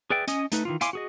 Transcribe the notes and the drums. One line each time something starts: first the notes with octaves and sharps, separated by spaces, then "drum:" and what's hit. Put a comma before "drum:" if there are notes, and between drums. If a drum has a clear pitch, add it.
G#4 B4 D5 E5 G5
C#4 D#5 G#5 D#6, drum: hi-hat
A3 D#4 B4, drum: hi-hat
D#3 E3 F4
E4 F5 G#5 C6 D6, drum: hi-hat
F#4 G#4 D#5